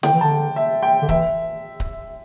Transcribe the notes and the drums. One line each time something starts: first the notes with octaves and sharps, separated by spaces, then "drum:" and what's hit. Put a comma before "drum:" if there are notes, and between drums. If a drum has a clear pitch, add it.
D3 G5, drum: snare
E3
D3 A5
E5
G5
D3
E3 E5, drum: kick D1
drum: kick D1